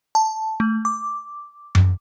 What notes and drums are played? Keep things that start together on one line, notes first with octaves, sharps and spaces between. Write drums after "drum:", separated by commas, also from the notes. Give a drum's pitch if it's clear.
A5
A3
D6
drum: tom F#2